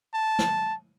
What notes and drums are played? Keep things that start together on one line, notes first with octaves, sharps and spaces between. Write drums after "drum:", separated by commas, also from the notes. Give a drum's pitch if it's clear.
A5
drum: snare